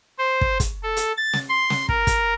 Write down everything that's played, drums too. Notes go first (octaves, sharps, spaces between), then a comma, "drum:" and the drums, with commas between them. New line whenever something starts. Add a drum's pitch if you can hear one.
C5
drum: kick
drum: kick, hi-hat
A4
drum: hi-hat
A6
drum: snare
C6
drum: snare
A#4, drum: kick
drum: kick, hi-hat